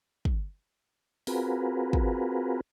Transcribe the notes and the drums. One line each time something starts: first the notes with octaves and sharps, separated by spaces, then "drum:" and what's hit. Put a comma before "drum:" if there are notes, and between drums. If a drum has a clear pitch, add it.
drum: kick
C4 F4 F#4 G#4 A#4 B4, drum: open hi-hat
drum: kick